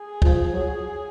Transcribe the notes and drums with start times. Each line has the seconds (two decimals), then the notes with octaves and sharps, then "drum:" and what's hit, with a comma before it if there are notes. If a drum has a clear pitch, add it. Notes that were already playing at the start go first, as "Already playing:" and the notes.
Already playing: G#4
0.22 F3, drum: kick
0.52 F#3